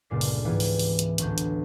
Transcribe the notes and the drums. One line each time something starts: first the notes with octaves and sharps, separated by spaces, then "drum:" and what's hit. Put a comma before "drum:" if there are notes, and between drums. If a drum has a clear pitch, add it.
G1 C#2 A#2 D5 C7
drum: open hi-hat
G#2 E3 B3 E4 F4 G4
drum: open hi-hat
drum: open hi-hat
drum: hi-hat
A1 D2 G6, drum: hi-hat
drum: hi-hat